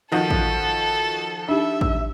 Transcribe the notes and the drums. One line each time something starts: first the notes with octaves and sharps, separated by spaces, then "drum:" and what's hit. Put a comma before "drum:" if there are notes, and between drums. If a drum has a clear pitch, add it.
D#3 F3 F#4 A4
drum: kick A1
D4 D#4 G4 E5
drum: kick A1